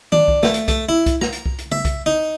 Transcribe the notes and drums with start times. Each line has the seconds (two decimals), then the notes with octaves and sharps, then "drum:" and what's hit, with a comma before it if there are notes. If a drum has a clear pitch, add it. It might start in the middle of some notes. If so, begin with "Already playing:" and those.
0.12 D4, drum: tom D#3
0.28 drum: kick C2
0.43 A3, drum: snare
0.54 drum: hi-hat
0.68 A3, drum: kick C2, hi-hat
0.89 E4
1.06 drum: kick C2, hi-hat
1.21 A#5, drum: snare
1.32 drum: hi-hat
1.46 drum: kick C2
1.59 drum: hi-hat
1.72 E5, drum: tom C#3
1.85 drum: kick C2, hi-hat
2.06 D#4